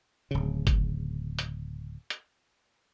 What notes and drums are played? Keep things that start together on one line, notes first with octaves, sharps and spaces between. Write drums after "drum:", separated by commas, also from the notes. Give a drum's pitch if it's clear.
D1 C#3
drum: kick F#1, hi-hat
drum: hi-hat
drum: hi-hat